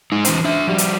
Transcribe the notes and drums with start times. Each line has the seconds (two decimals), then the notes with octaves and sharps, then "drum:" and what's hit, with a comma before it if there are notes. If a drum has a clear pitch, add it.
0.12 G#3 D#4
0.25 E3 C#4 C5, drum: hi-hat
0.44 D4 E5
0.67 F3 G3
0.78 drum: hi-hat